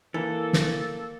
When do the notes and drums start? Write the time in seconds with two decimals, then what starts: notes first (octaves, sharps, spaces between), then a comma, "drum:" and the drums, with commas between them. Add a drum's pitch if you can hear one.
0.14 E3 A#3 A4
0.53 drum: snare